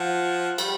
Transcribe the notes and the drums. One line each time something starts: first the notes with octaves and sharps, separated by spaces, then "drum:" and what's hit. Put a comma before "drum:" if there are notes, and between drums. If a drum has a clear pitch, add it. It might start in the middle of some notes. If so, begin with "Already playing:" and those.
Already playing: F3 F#5
G3, drum: cymbal